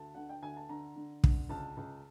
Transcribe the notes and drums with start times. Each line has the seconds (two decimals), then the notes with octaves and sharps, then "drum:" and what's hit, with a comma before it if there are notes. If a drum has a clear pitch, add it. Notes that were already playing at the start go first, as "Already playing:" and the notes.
Already playing: D2 A5
0.15 D3 F#5
0.29 G5
0.42 D2 G#5
0.57 A5
0.69 D3 A#5
0.96 D3
1.24 D3, drum: kick
1.49 C#2 A5
1.77 C#2